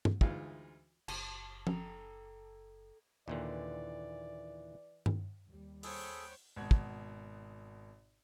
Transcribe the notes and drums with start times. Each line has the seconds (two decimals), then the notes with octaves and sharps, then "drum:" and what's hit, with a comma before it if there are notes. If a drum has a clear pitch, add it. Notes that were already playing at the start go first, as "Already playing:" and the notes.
0.05 drum: tom
0.21 D2 E3 G#3 D#4 F4, drum: kick
1.08 F#1 A5 D#7, drum: cymbal
1.67 A4 G5 A#5, drum: tom F3
3.28 D#2 A#2 D3 E3 D5
5.06 drum: tom G2
5.48 D#2 G3
5.83 B3 G#4 A4 C5 C#5 G5 B5, drum: open hi-hat
6.56 G#1 B2 F#5 G#6
6.71 drum: kick